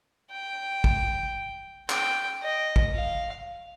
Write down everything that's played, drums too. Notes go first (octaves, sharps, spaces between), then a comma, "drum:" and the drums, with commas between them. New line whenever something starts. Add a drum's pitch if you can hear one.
G5
drum: kick
G5, drum: clap
D#5
drum: kick
F5